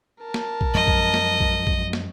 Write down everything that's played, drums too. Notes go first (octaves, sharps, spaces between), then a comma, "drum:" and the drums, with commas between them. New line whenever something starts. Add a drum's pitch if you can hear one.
A#4 A5
drum: snare
drum: kick
F#2 F3 G#3 D#5
drum: kick
drum: snare
drum: kick
drum: kick
drum: snare